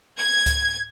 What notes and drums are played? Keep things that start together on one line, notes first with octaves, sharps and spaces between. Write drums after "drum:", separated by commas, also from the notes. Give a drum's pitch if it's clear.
G#6
drum: kick C#2, hi-hat